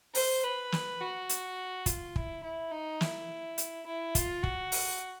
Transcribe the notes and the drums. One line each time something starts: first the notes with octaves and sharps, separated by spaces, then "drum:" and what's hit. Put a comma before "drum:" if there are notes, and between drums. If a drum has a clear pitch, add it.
C5, drum: open hi-hat
B4
drum: snare
F#4
drum: hi-hat
F4, drum: kick, hi-hat
E4, drum: kick
E4
D#4
E4, drum: snare
drum: hi-hat
E4
F4, drum: kick, hi-hat
F#4, drum: kick
drum: open hi-hat